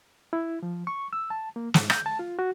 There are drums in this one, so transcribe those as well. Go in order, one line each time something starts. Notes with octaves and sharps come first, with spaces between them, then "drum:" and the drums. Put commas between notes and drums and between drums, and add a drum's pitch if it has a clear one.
E4
F3
C#6
E6
A5
A#3
G#2, drum: snare
G6, drum: rim click
A5
F4
F#4